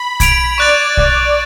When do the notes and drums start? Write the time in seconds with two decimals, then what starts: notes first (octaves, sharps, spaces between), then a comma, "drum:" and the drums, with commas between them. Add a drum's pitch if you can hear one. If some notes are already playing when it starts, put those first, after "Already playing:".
Already playing: B5
0.20 B5 G#6 D7 F7, drum: kick, hi-hat
0.58 D5 C#6 F#6 A6
0.97 drum: kick